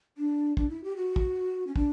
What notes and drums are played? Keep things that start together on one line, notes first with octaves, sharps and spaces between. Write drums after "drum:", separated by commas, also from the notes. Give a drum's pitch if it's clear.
D4
D4, drum: kick
E4
G4
F#4
drum: kick
C#4
D4, drum: kick